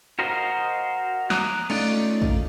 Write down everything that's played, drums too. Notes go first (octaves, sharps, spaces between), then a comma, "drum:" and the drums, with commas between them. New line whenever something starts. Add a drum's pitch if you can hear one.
F#4 A#4 C5 D#5 F5
A#5 D6 D#6 F#6, drum: snare
A3 C#4 D#4 F4 D5, drum: cymbal
drum: kick